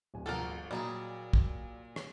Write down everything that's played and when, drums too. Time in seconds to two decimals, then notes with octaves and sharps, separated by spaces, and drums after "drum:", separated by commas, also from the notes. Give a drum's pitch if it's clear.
0.14 D1 G#5
0.26 G1 F3 A4 A#4 F#5
0.71 A#2 F#3 G3 D#4 G#4
1.33 drum: kick
1.96 drum: rim click